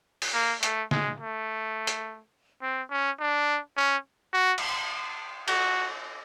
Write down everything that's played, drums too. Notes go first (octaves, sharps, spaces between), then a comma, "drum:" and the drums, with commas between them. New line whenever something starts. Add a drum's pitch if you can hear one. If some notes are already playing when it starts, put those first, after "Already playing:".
drum: open hi-hat
A#3
A3, drum: hi-hat
G#3, drum: snare
A3
drum: hi-hat
C4
C#4
D4
C#4
F#4
drum: cymbal
F#4, drum: cymbal